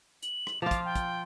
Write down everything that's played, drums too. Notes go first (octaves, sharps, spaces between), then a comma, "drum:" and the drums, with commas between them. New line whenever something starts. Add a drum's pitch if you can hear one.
F#7, drum: hi-hat
drum: rim click
F3 F4 D6
drum: kick, hi-hat
G5
drum: kick, hi-hat